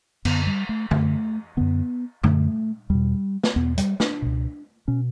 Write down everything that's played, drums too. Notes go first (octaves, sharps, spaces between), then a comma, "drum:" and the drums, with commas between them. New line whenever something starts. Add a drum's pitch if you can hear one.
F#2 D3 B3, drum: cymbal
G3
A3
F#2 D3 A3, drum: tom F2
F#2 D3 B3
F#2 D3 A3, drum: tom
E2 B2 G3
drum: snare
E2 B2 B3
G3, drum: hi-hat
D4, drum: snare
C#2 B2
B2 C#4